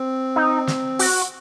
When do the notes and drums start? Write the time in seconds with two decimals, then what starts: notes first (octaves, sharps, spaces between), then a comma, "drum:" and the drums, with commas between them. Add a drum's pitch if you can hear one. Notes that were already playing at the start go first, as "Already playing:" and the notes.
Already playing: C4
0.36 D#4
0.67 drum: snare
0.99 F#4, drum: open hi-hat